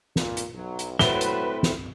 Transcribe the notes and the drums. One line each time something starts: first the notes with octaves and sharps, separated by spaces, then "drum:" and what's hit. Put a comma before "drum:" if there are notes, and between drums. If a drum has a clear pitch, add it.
A#2, drum: snare
drum: hi-hat
B1 F#3
drum: hi-hat
F#3 A3 C4 E4 B4 G7, drum: snare
drum: hi-hat
drum: snare